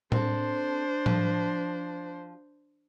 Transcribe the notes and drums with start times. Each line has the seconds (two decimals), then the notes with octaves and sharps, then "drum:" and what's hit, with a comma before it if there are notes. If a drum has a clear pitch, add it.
0.12 C4 D4 A4 C5, drum: tom A2
1.06 F3, drum: tom A2